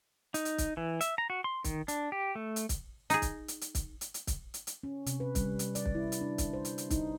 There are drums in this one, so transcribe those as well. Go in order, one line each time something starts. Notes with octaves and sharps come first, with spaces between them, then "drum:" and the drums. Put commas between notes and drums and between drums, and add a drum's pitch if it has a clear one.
D#4, drum: hi-hat
drum: hi-hat
drum: kick, hi-hat
E3
E5, drum: hi-hat
A#5
F#4
C6
D#3, drum: kick, hi-hat
D4, drum: hi-hat
G4
A3
drum: hi-hat
drum: kick, hi-hat
D#4 G#4, drum: hi-hat
drum: kick, hi-hat
drum: hi-hat
drum: hi-hat
drum: kick, hi-hat
drum: hi-hat
drum: hi-hat
drum: kick, hi-hat
drum: hi-hat
drum: hi-hat
C#4
C3, drum: hi-hat
B4
G3, drum: kick, hi-hat
drum: hi-hat
D5, drum: hi-hat
drum: kick
E4
drum: hi-hat
D4
drum: kick, hi-hat
C5
drum: hi-hat
drum: hi-hat
D#4, drum: kick, hi-hat